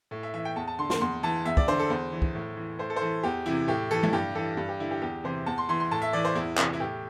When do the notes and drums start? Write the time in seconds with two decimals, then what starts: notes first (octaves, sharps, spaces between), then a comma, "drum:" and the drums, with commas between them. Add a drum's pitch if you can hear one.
0.11 A2
0.23 E5
0.34 E3 E5
0.45 G5
0.56 E2 A5
0.67 A5
0.79 D3 C6
0.90 C6, drum: snare
1.01 E2 C6
1.23 E3 A5
1.45 E2 E5
1.57 D5, drum: kick
1.68 D3 C5
1.79 A4
1.90 E2 C5
2.12 E3
2.22 drum: kick
2.35 A2
2.56 E3
2.79 A2 C5
2.90 A4
2.96 C5
3.01 E3 A4
3.23 E2 G4
3.46 C3 E3 E4
3.68 A2 G4
3.91 E3 A4
4.03 E4, drum: tom E3
4.13 G2 G4
4.35 E3 A4
4.57 G2
4.68 G4
4.80 D3 E4
4.91 G4
5.02 E2 G4
5.24 C3 E3 C5
5.46 E2 A5
5.58 C6
5.69 E3 C6
5.80 C6
5.91 A2 A5
6.02 E5
6.13 E3 D5
6.25 C5
6.35 E2 E4
6.58 C3 E3, drum: clap
6.73 E4
6.80 A2 G4